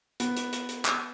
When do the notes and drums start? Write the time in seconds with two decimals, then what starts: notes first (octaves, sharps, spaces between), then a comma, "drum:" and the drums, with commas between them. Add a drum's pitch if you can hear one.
0.20 B3, drum: hi-hat
0.37 drum: hi-hat
0.53 drum: hi-hat
0.69 drum: hi-hat
0.85 drum: clap